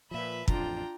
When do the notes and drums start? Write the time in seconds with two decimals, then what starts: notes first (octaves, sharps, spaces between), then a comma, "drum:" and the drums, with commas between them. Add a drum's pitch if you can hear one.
0.11 A#2 F3 B4 E5 B5
0.48 A1 F2 D4 F4 G5 A#5, drum: kick